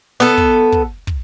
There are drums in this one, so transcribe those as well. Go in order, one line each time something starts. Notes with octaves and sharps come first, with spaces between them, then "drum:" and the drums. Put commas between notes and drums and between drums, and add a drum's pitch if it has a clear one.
B3 A4
drum: kick
drum: kick
drum: kick